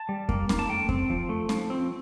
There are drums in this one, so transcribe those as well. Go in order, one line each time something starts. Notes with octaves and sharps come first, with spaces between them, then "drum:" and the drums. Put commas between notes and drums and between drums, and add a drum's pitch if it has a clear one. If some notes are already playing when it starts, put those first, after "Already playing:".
Already playing: A5
G3
A#3, drum: kick F2
A#3, drum: snare C#4
A5
A3 G5
C4, drum: kick F2
F3
A3
F3, drum: snare C#4
C4